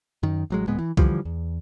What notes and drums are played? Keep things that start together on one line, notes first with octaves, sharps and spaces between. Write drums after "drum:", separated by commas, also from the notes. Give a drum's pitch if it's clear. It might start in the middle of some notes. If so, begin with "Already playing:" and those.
F#2 D#3
A1 F#3 G#3
D1 A#2 G#3 B3
E3
D3 E3 F3 G3, drum: kick C2
E2